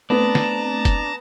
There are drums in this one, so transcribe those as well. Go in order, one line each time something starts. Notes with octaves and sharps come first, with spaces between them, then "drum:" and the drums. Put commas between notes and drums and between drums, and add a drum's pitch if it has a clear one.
A3 B3 C4 D4 A5 A#5
drum: snare
drum: kick F1, hi-hat